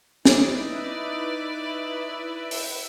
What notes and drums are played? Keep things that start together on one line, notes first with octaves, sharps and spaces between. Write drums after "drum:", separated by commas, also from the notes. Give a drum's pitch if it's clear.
D#4 E4 B4 D5 E5, drum: snare
drum: open hi-hat